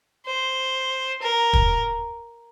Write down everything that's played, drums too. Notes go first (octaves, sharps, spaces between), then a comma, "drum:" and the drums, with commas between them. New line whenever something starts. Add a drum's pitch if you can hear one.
C5
A#4
drum: kick